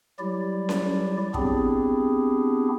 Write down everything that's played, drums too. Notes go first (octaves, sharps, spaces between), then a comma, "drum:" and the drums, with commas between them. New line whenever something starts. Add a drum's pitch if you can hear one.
F#3 G3 E4 G4 D5
drum: snare C#4
B3 C4 D4 E4 G4 G#4, drum: kick